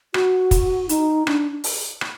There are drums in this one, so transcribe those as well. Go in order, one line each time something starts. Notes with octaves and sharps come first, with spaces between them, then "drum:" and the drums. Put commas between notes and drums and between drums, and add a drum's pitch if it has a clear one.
F#4, drum: rim click
drum: kick, hi-hat
D#4, drum: hi-hat
D4, drum: rim click
drum: open hi-hat
drum: rim click